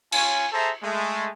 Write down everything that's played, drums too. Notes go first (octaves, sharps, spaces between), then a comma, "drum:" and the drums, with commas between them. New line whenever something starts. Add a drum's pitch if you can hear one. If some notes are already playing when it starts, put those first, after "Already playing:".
C#4 F4 C#5 G#5, drum: cymbal
G#4 A4 C5 E5 A5 A#5
G#3 A3